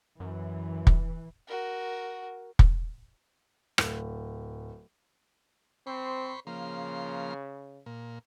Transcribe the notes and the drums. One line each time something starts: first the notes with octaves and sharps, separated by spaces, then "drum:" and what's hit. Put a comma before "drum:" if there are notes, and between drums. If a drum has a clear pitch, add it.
F#2 E3
drum: kick
F#4 A#4
drum: kick
D1, drum: rim click
C4 C5 B5 C#6
C#3 F3 A#3 C6
A#2